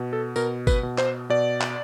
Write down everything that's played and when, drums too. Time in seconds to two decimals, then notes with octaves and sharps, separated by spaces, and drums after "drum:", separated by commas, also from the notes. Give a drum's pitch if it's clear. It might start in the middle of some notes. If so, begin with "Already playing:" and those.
Already playing: B2
0.13 A4
0.36 B2 A#4, drum: tambourine
0.67 B4, drum: kick, tambourine
0.83 B2
0.98 C5, drum: clap
1.30 B2 D5
1.61 drum: clap